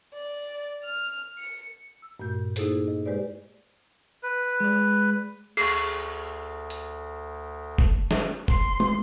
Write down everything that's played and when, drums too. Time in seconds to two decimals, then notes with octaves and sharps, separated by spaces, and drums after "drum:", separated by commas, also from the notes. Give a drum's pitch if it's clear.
0.14 D5
0.85 F6
1.38 C#7
2.02 E6
2.20 G2 A#2 A3 F#4 G6
2.56 A#3 D#4 E4 G#4 A4 C5, drum: hi-hat
2.88 D#5
3.06 G#3 G4 B4 C5 D5
4.23 B4
4.60 G#3 D5
5.57 D2 G#4 C#6 C7, drum: cymbal
6.70 drum: hi-hat
7.78 drum: kick
8.11 drum: snare
8.48 C6, drum: kick
8.80 drum: tom